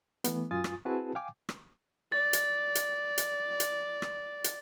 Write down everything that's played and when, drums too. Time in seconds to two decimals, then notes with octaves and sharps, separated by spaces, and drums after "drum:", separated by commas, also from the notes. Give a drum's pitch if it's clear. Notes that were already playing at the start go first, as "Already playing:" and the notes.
0.24 E3 A3 B3, drum: hi-hat
0.51 F#2 F4 G#5 D#6 A6
0.64 drum: rim click
0.85 C4 E4 F#4 G#4 B4 A5
1.15 F5 G5 G#5 D6
1.49 drum: rim click
2.12 D5 A6
2.33 drum: hi-hat
2.75 drum: hi-hat
3.18 drum: hi-hat
3.60 drum: hi-hat
4.02 drum: rim click
4.44 drum: hi-hat